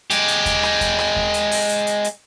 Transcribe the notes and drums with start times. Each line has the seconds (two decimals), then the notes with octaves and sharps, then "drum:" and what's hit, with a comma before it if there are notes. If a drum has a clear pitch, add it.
0.10 G#3 G4, drum: hi-hat
0.28 drum: hi-hat
0.46 drum: kick D#2, hi-hat
0.63 drum: rim click
0.81 drum: kick D#2, hi-hat
0.99 drum: rim click
1.16 drum: kick D#2
1.34 drum: hi-hat
1.51 drum: open hi-hat
1.69 drum: hi-hat
1.87 drum: hi-hat
2.04 drum: hi-hat